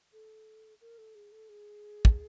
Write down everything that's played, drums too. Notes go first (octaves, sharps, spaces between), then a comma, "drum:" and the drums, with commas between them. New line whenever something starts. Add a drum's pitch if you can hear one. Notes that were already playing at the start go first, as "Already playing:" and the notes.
A4
A#4
A4
G#4
A4
G#4
drum: kick